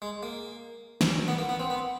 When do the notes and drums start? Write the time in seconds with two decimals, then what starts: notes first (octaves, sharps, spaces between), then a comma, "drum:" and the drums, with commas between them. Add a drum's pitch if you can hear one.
0.02 G#3
0.23 A#3
1.01 drum: snare
1.28 B3
1.39 A#3
1.49 B3
1.60 C4
1.70 B3